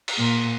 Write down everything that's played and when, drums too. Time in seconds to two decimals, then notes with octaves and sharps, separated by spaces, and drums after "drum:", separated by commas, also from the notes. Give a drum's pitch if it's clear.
0.08 drum: cymbal
0.18 A#2